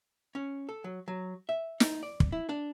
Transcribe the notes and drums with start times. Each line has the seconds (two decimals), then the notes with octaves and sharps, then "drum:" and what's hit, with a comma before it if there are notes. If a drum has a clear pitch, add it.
0.35 C#4
0.69 A4
0.84 F#3
1.08 F#3
1.49 E5
1.80 D#4, drum: snare
2.03 D5
2.20 drum: kick
2.32 E4
2.49 D4